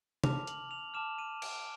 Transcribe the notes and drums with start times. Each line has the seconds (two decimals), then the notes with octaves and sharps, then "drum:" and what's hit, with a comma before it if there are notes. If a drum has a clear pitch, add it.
0.24 A5 D6 F6 F7, drum: tom
0.47 F#7, drum: hi-hat
0.71 F7
0.94 A5 D6 F6 E7
1.18 D#7
1.42 D7, drum: cymbal